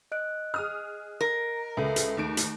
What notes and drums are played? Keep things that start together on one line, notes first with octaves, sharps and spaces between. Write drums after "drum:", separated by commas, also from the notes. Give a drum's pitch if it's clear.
D#5 F#6 D7
G#4 D#6 F6
A#4
C#2 A4 B4 E5
drum: hi-hat
D#2 A3 D7
drum: hi-hat